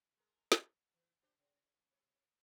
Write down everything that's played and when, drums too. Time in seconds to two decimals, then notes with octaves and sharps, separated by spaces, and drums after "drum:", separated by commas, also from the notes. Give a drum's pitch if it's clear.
0.17 G#3 A#4
0.52 drum: snare
0.94 E3
1.22 D4 G4 C5
1.38 C#3
1.89 C3 C#5